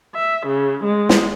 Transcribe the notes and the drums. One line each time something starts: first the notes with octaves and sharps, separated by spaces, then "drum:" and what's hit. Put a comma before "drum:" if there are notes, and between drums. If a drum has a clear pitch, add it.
E5
C#3
G#3
drum: snare